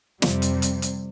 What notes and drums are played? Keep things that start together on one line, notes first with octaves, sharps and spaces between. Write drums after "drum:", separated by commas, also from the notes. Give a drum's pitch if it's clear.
F2 C3 G3, drum: snare
drum: hi-hat
drum: hi-hat
drum: hi-hat